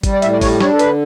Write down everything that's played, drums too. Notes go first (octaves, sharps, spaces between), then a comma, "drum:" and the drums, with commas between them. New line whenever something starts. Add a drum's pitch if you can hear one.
G3, drum: kick G#1, hi-hat
D5
A2 E5, drum: hi-hat
D5
G3 C#5, drum: kick G#1, open hi-hat
D4 C#5, drum: snare
A4
D3 B4, drum: hi-hat